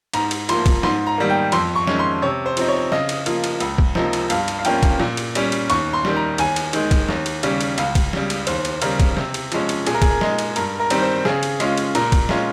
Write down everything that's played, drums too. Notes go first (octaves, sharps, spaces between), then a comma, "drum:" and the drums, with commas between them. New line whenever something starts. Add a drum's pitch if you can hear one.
G#2 A#5, drum: cymbal
drum: cymbal
F3 A#3 C6, drum: cymbal
drum: kick, cymbal
G#2 C6, drum: snare
A#5
D#3 G3 A#3
G5
F2 C6, drum: cymbal
C#6
D#3 G#3 C#4, drum: snare
C6
C3 C#5
C5
F3 C4 D#4, drum: cymbal
C#5
C#3 D#5, drum: snare
drum: cymbal
F3 A#3 F4, drum: cymbal
drum: cymbal
C#2, drum: cymbal
drum: kick
C3 F3 A#3 D#4, drum: snare
drum: cymbal
G2 F5, drum: cymbal
drum: cymbal
F5
F3 A#3 C#4 F4 G5, drum: cymbal
drum: kick, cymbal
A#2, drum: snare
drum: cymbal
G3 C#4, drum: cymbal
drum: cymbal
D#2 C#6, drum: cymbal
C6
D#3 G3, drum: snare
A#5
D#2 G#5, drum: cymbal
drum: cymbal
D#3 G#3, drum: cymbal
drum: kick, cymbal
D#2, drum: snare
drum: cymbal
C#3 G3 C#4, drum: cymbal
drum: cymbal
C#2 F5, drum: cymbal
drum: kick, cymbal
C#3 G3, drum: snare
drum: cymbal
D#2 C5, drum: cymbal
drum: cymbal
C#3 G3 A#4, drum: cymbal
drum: kick, cymbal
C3, drum: snare
drum: cymbal
F3 G#3 C#4, drum: cymbal
drum: cymbal
A#2 G#4, drum: cymbal
A#4
G#4, drum: kick, cymbal
A#4
G#3 D#4, drum: snare
drum: cymbal
G2 A#4, drum: cymbal
A#4
D#3 G3 C4, drum: cymbal
C5
C#3 G#4, drum: snare
drum: cymbal
G#3 C#4 F4, drum: cymbal
drum: cymbal
A#2 A#4, drum: cymbal
drum: kick, cymbal
G#3 C#4 F4, drum: snare